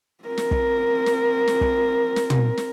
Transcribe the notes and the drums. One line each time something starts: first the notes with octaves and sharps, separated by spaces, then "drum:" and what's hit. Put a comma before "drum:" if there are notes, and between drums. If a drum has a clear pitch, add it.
C4 A#4
drum: snare
drum: kick
drum: snare
drum: snare
drum: kick
drum: snare
drum: tom
drum: snare